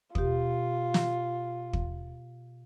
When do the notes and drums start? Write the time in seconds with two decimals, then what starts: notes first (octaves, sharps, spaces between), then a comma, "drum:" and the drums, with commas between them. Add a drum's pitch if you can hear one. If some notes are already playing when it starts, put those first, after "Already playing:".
0.15 B2 F4 G4, drum: kick
0.94 drum: snare
1.73 drum: kick